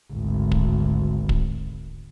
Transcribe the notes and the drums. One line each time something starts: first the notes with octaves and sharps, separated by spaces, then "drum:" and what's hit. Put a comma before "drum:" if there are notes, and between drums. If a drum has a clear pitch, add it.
G#1 D2
drum: kick
drum: kick